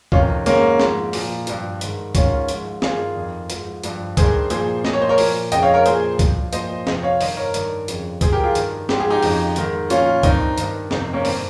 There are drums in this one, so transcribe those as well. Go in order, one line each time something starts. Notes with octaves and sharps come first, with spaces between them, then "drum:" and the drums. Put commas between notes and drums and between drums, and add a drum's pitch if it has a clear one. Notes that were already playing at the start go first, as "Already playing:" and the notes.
F2 C3 D#3 C#4 F4, drum: kick C#2
G#2 D#3 A#3 C#4, drum: hi-hat
G#2 F3, drum: snare
A#2 F3, drum: open hi-hat
G2 F3, drum: hi-hat
G#2 D#3, drum: hi-hat
G#2 D#3 C#4 F4, drum: kick C#2, hi-hat
G#2 F3, drum: hi-hat
G2 D#3 F4 G#4, drum: snare
F2 D#3
G#2 F3, drum: hi-hat
G2 F3, drum: hi-hat
G2 D#3 G#4 C5, drum: kick C#2, hi-hat
A#2 F3 G#4 C5, drum: hi-hat
A#2 F3 D#5, drum: snare
C#5
C5
A#4 C#5
A#2 F3, drum: open hi-hat
F2 C#3 F3 D#5 G5, drum: hi-hat
C#5 F5
A#4 C#5
A#2 F3 G#4 C5, drum: hi-hat
G2 F3, drum: kick C#2, hi-hat
A#2 F3 C5 D#5, drum: hi-hat
F2 C3 F3 C5 D#5, drum: snare
C#5 F5
G2 D#3 C5 D#5, drum: open hi-hat
A#4 C#5
G2 D#3, drum: hi-hat
F2 C#3 F3, drum: hi-hat
G2 F3 G#4 C5, drum: kick C#2, hi-hat
G4 A#4
F4 G#4
G2 D#3, drum: hi-hat
G#2 F3 G4, drum: snare
G#4
D#4 G4
F2 C#3 F3, drum: open hi-hat
G#2 D#3, drum: hi-hat
A#2 F3 C#4 F4, drum: hi-hat
G2 D#3 C4 D#4, drum: kick C#2, hi-hat
G2 D#3, drum: hi-hat
F2 C3 D#3 C4 D#4, drum: snare
C4
A#3 C#4
G2 D#3 C4, drum: open hi-hat